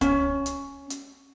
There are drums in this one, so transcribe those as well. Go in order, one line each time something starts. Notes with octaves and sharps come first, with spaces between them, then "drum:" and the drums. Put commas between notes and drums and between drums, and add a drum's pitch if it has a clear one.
C#4, drum: kick C#2, hi-hat
drum: hi-hat
drum: hi-hat